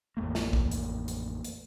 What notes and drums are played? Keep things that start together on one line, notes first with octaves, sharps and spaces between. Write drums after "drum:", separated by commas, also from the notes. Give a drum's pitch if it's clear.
A1 F2 A3 A#3
drum: snare
drum: kick
drum: hi-hat
drum: hi-hat
drum: hi-hat